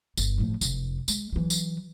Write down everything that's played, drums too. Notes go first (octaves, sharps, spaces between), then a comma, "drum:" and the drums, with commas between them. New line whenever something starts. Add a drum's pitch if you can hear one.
G1, drum: tambourine
A2 F3
F1, drum: tambourine
G#3, drum: tambourine
E3 F#3
drum: tambourine